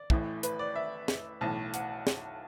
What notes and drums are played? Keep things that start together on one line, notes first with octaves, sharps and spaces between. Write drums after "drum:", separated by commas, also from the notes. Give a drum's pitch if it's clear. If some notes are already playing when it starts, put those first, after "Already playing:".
Already playing: D5
A1 A2 E3, drum: kick
B4, drum: hi-hat
D5
E5
drum: snare
B1 A2 E3 A5
F#5, drum: hi-hat
drum: snare